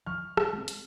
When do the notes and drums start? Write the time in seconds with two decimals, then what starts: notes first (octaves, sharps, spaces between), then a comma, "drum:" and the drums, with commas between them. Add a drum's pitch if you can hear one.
0.06 F3 C#6 F6
0.37 drum: rim click
0.53 G#3 C4
0.68 drum: hi-hat